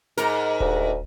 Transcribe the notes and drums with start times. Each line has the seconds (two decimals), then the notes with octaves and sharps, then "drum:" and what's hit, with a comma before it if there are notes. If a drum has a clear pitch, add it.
0.17 G#2 A#4, drum: snare
0.60 D2, drum: kick D#1